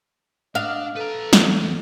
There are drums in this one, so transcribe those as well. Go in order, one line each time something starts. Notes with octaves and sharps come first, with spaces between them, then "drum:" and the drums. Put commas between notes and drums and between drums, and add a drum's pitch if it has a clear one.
D4 D#5 F5
A4 B4 A#5
E2, drum: snare